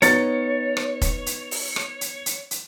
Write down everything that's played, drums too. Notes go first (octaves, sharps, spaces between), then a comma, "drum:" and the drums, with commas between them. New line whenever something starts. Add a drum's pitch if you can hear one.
B3 D#4 C#5 A6 C#7, drum: hi-hat
drum: rim click
drum: kick F1, hi-hat
drum: hi-hat
drum: open hi-hat
drum: rim click
drum: hi-hat
drum: hi-hat
drum: hi-hat